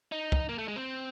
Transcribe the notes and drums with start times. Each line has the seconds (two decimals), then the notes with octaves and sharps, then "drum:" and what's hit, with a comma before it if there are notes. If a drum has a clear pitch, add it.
0.12 D#4
0.32 drum: kick
0.49 A#3
0.58 A3
0.68 G#3
0.76 C4